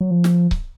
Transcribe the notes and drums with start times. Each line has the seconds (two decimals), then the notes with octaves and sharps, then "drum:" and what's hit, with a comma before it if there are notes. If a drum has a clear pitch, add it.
0.01 F#3
0.11 F3
0.24 drum: snare
0.51 drum: kick C#1